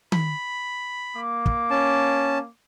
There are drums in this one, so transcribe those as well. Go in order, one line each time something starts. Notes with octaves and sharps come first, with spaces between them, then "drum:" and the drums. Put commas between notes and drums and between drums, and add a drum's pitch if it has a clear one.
B5, drum: tom D#3
A#3 D6
drum: kick
C#4 A5